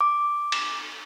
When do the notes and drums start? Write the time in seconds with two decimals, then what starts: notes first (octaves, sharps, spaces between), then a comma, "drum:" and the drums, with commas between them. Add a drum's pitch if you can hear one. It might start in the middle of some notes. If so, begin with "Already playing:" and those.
0.01 D6
0.52 drum: cymbal